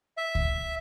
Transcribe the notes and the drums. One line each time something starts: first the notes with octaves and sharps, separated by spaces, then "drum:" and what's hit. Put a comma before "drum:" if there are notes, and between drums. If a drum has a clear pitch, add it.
E5
drum: kick C#2